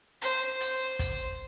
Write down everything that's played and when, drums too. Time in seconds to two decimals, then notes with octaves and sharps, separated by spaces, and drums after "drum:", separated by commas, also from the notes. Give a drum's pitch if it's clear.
0.22 C5, drum: hi-hat
0.61 drum: hi-hat
0.99 drum: kick, hi-hat